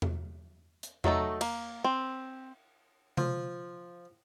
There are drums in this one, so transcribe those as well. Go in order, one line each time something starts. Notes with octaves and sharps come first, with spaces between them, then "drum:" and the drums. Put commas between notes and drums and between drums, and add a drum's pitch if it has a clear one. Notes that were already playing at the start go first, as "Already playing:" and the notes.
drum: tom E2
drum: hi-hat
F#3 A3 D#4 A4, drum: tom E2
A#3, drum: cymbal
C4
F3, drum: tom C3